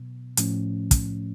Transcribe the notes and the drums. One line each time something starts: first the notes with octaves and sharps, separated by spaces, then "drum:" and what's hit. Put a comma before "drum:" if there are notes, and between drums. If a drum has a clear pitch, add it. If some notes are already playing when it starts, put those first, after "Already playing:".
Already playing: B2 F#3 B3
A2 F3 A3 C#4, drum: hi-hat
drum: kick, hi-hat